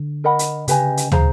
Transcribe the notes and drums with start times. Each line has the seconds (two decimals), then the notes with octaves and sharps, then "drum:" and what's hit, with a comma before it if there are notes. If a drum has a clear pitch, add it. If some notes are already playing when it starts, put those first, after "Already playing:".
Already playing: D3
0.24 A#4 D#5 F#5 B5
0.39 drum: hi-hat
0.68 C#3 G4 B4 D#5 G#5, drum: hi-hat
0.97 drum: hi-hat
1.12 C#3 G#4 C5 F5 A#5, drum: tom